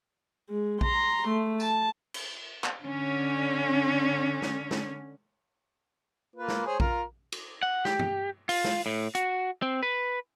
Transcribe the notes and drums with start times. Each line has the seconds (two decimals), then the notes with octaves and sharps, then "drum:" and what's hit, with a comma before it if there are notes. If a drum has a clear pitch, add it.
0.49 G#3
0.81 A#5 C6, drum: kick A#1
1.28 A3
1.60 A5, drum: tambourine
2.14 drum: cymbal
2.64 drum: clap
2.84 D3 C#4
4.42 drum: snare
4.71 drum: snare
6.36 A#3 F4 B4
6.48 drum: snare
6.66 G#4 C5 C#5
6.80 F4 A#4, drum: kick A#1
7.32 drum: cymbal
7.63 F#5
7.85 G4, drum: snare
7.99 drum: tom
8.49 F4, drum: open hi-hat
8.64 drum: snare
8.86 A2
9.15 F#4, drum: hi-hat
9.62 C4
9.83 B4